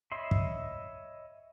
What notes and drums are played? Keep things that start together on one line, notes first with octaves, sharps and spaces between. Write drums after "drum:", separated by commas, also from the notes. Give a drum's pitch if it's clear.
C#5 D#5 E5 B5 C6
drum: kick